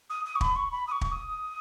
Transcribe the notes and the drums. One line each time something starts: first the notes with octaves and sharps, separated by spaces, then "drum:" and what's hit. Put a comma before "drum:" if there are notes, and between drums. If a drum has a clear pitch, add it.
D#6
D#6
C#6
B5, drum: kick
C#6
B5
D#6
C#6
drum: kick
D#6